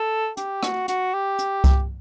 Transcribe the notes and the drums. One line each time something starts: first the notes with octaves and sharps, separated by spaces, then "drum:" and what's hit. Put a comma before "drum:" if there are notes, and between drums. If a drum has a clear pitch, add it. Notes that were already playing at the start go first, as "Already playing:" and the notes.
Already playing: A4
G4, drum: hi-hat
F#4, drum: rim click
F#4, drum: hi-hat
G4
drum: hi-hat
drum: kick C2, hi-hat